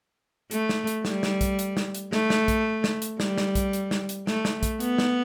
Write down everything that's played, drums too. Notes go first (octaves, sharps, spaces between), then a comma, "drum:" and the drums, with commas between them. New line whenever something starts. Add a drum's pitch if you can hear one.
A3, drum: hi-hat
drum: snare
drum: hi-hat
G3, drum: snare
drum: snare
drum: kick, hi-hat
drum: hi-hat
drum: snare
drum: hi-hat
A3, drum: snare
drum: snare
drum: kick, hi-hat
drum: snare
drum: hi-hat
G3, drum: snare
drum: snare
drum: kick, hi-hat
drum: hi-hat
drum: snare
drum: hi-hat
A3, drum: snare
drum: snare
drum: kick, hi-hat
B3, drum: hi-hat
drum: snare